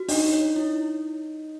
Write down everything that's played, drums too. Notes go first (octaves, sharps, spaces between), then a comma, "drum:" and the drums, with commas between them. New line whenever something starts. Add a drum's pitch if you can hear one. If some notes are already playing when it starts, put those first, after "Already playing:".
Already playing: F#4
D4 D#4, drum: open hi-hat
C#5
E4